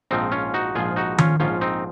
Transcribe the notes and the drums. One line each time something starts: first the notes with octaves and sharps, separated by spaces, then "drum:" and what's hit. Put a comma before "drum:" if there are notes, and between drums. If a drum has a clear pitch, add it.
A#1 G#2 F3 C4 D#4
C#4 F4
D#4 F#4
A#1 G#2 F3 F4 G#4
D#4 F#4
C#4 F4, drum: tom D#3
A#1 G#2 F3 C#4 F4
C4 D#4